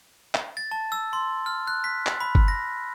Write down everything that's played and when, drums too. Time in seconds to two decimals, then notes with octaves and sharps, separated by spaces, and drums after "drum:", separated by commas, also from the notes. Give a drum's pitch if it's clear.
0.35 drum: clap
0.57 A6
0.71 A5
0.92 E6
1.13 C6
1.46 F6
1.67 F#6
1.84 B6
2.06 drum: clap
2.20 B5
2.35 drum: kick
2.48 A#6